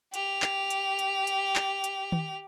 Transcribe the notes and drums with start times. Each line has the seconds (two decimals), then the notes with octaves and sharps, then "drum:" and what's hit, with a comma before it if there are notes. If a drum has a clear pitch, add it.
0.14 G4 F7, drum: hi-hat
0.42 drum: clap
0.70 drum: hi-hat
0.99 drum: hi-hat
1.27 drum: hi-hat
1.56 drum: clap
1.84 drum: hi-hat
2.12 drum: tom D#3